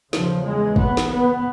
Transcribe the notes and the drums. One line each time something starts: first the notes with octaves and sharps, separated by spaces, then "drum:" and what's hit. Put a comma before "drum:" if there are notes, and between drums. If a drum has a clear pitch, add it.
E2 C#3 F3, drum: snare
G#3
B3, drum: kick
drum: snare
B3